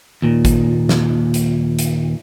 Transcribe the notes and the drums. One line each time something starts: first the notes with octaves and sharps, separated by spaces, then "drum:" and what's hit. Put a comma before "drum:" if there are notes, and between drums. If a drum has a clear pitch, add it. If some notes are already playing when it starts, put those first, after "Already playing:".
D#2 A#2
drum: kick G#1, hi-hat
drum: snare
drum: hi-hat
drum: hi-hat